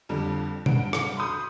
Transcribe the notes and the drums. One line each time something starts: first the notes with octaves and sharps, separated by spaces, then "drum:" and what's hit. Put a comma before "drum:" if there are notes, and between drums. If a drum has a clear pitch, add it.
F2 D3 G3
G2 F#5 D7, drum: tom
drum: rim click
B5 C6 D#6 G6